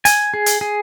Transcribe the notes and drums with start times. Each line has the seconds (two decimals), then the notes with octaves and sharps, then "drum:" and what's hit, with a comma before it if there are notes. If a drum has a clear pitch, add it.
0.05 G#5, drum: hi-hat
0.34 G#4
0.46 drum: hi-hat
0.61 G#4